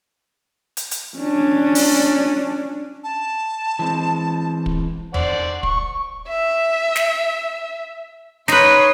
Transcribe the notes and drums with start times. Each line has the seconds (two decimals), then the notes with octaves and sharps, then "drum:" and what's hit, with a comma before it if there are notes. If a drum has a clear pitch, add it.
0.77 drum: hi-hat
0.91 drum: hi-hat
1.18 C#4 D4
1.75 drum: open hi-hat
3.04 A5
3.79 E3 G#3 C4
4.66 drum: kick
5.14 C5 D5 F#5, drum: tom E2
5.63 C#6, drum: kick
6.28 E5
6.96 drum: snare
8.48 D#4 B4 C#5 C6, drum: snare